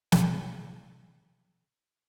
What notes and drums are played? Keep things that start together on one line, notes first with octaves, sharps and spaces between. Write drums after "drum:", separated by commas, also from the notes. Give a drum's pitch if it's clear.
E5 G#5, drum: snare